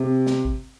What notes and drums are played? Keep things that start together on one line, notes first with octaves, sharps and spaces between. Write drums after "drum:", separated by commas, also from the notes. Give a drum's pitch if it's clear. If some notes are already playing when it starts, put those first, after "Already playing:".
Already playing: C3
drum: snare
drum: kick